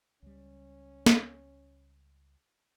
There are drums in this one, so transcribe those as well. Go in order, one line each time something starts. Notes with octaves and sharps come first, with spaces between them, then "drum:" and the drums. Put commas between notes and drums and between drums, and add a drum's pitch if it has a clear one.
C#2 G3 C#4
drum: snare